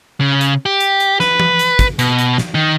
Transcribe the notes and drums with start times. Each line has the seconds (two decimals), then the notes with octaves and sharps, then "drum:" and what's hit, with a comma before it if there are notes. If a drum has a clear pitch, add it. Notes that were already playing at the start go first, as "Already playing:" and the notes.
0.20 C#3
0.41 drum: hi-hat
0.66 G4
0.80 drum: hi-hat
1.00 drum: hi-hat
1.20 B4, drum: snare
1.40 drum: tom
1.59 drum: hi-hat
1.79 drum: kick, hi-hat
1.99 B2, drum: hi-hat
2.19 drum: hi-hat
2.38 drum: snare
2.55 D#3